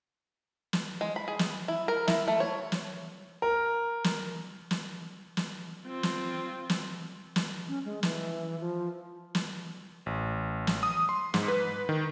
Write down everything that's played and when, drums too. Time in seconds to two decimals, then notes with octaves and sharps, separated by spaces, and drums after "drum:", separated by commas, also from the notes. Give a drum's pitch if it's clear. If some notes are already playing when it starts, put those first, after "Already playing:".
0.73 drum: snare
1.01 G#3
1.16 B5
1.28 G#4
1.39 drum: snare
1.68 E4
1.88 A#4
2.08 E4, drum: snare
2.28 A3
2.40 C#5
2.72 drum: snare
3.42 A#4
4.04 drum: snare
4.71 drum: snare
5.37 drum: snare
5.87 C4 F4
6.03 drum: snare
6.69 drum: snare
7.36 drum: snare
7.68 C#4
7.85 G#3
8.03 E3, drum: snare
8.60 F3
9.35 drum: snare
10.06 A1
10.67 drum: snare
10.83 D#6
11.09 C6
11.34 G#2, drum: snare
11.48 B4
11.89 D#3